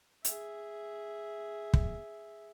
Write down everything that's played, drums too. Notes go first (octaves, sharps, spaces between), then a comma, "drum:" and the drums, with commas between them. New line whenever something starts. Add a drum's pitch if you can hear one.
G#4 E5, drum: hi-hat
drum: kick